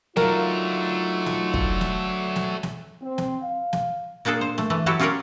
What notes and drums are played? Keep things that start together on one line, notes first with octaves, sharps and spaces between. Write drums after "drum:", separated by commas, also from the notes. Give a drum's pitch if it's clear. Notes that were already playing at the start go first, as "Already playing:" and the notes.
F#3 A3 D4 D#4 F4 A#4, drum: snare
drum: snare
drum: kick
drum: snare
drum: snare
drum: snare
C4
drum: snare
F5
drum: snare
A#2 A#3 D4 G#4 A4
C5
A3, drum: snare
E3 A3
F#3 E4 F#4 G4 A4 E5
C#4 F4 G4 A#4 C#5 D5